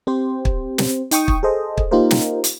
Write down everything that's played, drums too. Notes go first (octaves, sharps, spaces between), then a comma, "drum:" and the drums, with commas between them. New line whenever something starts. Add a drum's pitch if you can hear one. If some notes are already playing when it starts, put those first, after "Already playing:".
C4 G4 C5
drum: kick
drum: snare
D#4 G5 C#6 D#6, drum: hi-hat
drum: kick
G#4 A4 C5 D#5
drum: kick
A#3 D#4 F4 G4 A#4 C5
drum: snare
drum: hi-hat